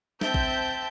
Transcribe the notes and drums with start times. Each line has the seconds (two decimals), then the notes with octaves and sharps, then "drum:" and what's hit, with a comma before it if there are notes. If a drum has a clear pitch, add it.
0.21 C4 E5 G5 A5 G6, drum: snare
0.34 drum: kick A1